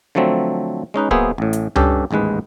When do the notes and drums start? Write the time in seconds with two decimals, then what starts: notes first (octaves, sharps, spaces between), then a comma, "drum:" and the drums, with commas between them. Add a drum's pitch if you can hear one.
0.15 D3 F3 F#3 A3 C4
0.94 G#3 C#4 D#4 B4
1.11 F#3 A#3 B3 G#4 C5 E5, drum: kick
1.38 A1 A2
1.53 drum: hi-hat
1.76 G2 C#4 G4 A4, drum: tom C#2
2.11 A1 D#2 G#2 G#3 B4